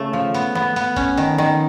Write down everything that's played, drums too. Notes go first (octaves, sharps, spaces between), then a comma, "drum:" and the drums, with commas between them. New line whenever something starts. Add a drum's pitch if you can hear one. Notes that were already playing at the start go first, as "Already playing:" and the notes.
Already playing: C#3 A3
F3
B3, drum: hi-hat
B3, drum: snare
B3, drum: hi-hat
C#4, drum: kick G#1, hi-hat
D#3, drum: hi-hat
D#3, drum: snare